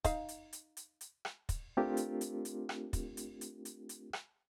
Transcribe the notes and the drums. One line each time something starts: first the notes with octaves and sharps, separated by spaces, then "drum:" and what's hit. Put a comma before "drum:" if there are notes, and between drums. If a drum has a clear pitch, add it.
D#4 F5, drum: kick, hi-hat
drum: hi-hat
drum: hi-hat
drum: hi-hat
drum: hi-hat
drum: rim click
drum: kick, hi-hat
A3 C4 D4 F4 G4 A#4
drum: hi-hat
drum: hi-hat
drum: hi-hat
drum: rim click
drum: kick, hi-hat
drum: hi-hat
drum: hi-hat
drum: hi-hat
drum: hi-hat
drum: rim click